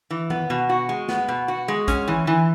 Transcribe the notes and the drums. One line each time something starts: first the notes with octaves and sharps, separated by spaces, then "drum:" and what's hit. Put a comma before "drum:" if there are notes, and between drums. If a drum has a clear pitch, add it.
E3
B3, drum: tom D#3
B2
F#4
G#3
B3, drum: snare
B2
F#4
G#3
C#4, drum: kick A#1, hi-hat
E3
E3